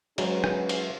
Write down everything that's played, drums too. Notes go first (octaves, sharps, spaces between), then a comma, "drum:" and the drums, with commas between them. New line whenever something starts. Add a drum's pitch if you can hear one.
F#3 G#3 C#4 G#4 B4 A#5, drum: cymbal
drum: rim click
drum: cymbal